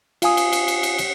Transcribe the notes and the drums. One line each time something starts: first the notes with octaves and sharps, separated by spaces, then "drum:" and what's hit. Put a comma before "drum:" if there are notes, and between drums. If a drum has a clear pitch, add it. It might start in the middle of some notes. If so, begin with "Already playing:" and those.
F4 F5 G#5 D#6, drum: cymbal
drum: cymbal
drum: cymbal
drum: cymbal
drum: cymbal
drum: cymbal